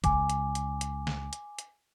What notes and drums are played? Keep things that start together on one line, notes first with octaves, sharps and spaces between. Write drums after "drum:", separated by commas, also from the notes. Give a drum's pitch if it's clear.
C#2 G#5 D6, drum: kick, hi-hat
drum: hi-hat
drum: hi-hat
drum: hi-hat
drum: snare
drum: hi-hat
drum: hi-hat